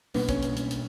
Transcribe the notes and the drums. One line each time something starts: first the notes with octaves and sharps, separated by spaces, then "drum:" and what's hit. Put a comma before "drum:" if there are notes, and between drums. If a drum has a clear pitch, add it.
B2 G3 A#3 B3 D4, drum: open hi-hat
C#4, drum: kick, hi-hat
drum: hi-hat
drum: hi-hat
drum: hi-hat